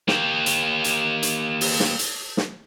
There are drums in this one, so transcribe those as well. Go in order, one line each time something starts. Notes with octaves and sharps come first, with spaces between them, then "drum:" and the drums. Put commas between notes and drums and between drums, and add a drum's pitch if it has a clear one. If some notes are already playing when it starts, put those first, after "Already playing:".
A#3 G4, drum: snare
drum: hi-hat
drum: hi-hat
drum: hi-hat
drum: open hi-hat
drum: snare
drum: hi-hat
drum: snare